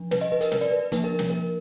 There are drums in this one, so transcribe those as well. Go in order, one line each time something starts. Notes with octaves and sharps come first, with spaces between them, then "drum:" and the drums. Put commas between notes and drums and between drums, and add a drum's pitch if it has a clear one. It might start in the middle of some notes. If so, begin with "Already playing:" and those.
Already playing: F3 D4
B4, drum: snare
D#5
B4
A#4, drum: hi-hat
B4, drum: snare
D5
B4
F3 A#3 D4 B4, drum: hi-hat
A#4
drum: snare
A#4